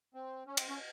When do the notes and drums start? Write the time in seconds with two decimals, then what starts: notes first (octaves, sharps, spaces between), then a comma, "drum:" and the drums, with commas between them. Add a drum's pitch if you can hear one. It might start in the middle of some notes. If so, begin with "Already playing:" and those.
0.14 C4
0.47 C#4
0.57 C4, drum: cymbal
0.68 C#4